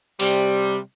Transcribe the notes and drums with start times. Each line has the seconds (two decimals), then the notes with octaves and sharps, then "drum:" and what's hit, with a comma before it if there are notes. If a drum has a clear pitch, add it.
0.20 C3 G3, drum: open hi-hat